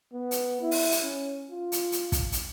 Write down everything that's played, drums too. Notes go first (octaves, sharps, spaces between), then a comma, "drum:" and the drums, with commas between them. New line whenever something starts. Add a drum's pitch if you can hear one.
B3
drum: hi-hat
E4
drum: open hi-hat
drum: hi-hat
C#4
F4
drum: hi-hat
drum: hi-hat
drum: kick, hi-hat
drum: hi-hat